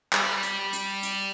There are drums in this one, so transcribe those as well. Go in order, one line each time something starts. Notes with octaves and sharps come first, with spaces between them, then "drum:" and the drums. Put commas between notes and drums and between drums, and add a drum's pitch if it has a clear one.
G3, drum: clap
drum: hi-hat
drum: hi-hat
drum: hi-hat